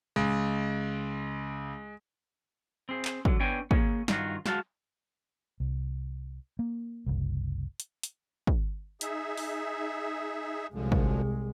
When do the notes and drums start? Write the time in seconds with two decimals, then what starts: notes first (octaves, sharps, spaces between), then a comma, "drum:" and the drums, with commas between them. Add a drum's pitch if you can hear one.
0.16 C#2 G#3
2.89 C4 G#4
3.05 drum: clap
3.25 D3 F#3, drum: kick
3.40 B3 D4 C#5 G5 G#5
3.71 A#3 G#4 C#5, drum: kick
4.08 G2 D#3 F4 F#4, drum: snare
4.46 G#3 F#4 F5 A5, drum: snare
5.60 C2
6.59 A#3
7.06 F#1 C2
7.80 drum: hi-hat
8.03 drum: hi-hat
8.47 drum: kick
9.01 D#4 G#4 E5, drum: hi-hat
9.37 drum: open hi-hat
10.74 C2 F#2 D3 F3 G#3
10.92 drum: kick